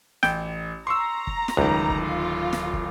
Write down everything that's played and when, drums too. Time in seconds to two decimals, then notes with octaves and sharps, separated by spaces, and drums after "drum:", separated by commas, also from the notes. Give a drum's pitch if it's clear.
0.23 A1 G5, drum: snare
0.87 A#5 C6 C#6 E6
1.27 drum: kick
1.48 drum: snare
1.57 D1 C#2 D#3
1.90 drum: kick
2.02 F4
2.53 drum: snare
2.73 drum: kick